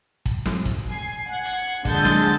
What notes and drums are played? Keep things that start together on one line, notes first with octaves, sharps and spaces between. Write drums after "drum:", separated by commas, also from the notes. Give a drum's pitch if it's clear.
drum: kick, hi-hat
drum: snare
drum: kick, hi-hat
G#5 C7
F#5 G#6
drum: hi-hat
A#2 D3 G#3 A4 G6 A6, drum: kick, hi-hat
drum: snare